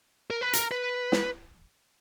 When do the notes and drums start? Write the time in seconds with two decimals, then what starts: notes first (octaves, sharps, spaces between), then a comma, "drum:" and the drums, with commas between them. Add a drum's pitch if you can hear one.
0.30 A#4
0.41 B4
0.53 A#4, drum: hi-hat
0.71 B4
1.12 drum: snare